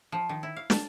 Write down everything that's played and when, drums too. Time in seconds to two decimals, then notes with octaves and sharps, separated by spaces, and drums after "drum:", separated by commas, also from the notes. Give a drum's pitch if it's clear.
0.12 F3
0.29 D#3
0.43 E4
0.56 F5
0.70 A5, drum: snare